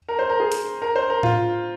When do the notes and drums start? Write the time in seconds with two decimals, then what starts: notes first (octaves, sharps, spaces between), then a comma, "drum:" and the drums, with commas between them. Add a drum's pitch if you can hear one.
0.09 A#4
0.19 C5
0.29 A#4
0.40 G#4
0.52 drum: hi-hat
0.82 A#4
0.96 C5
1.10 A#4
1.23 F4, drum: tom A2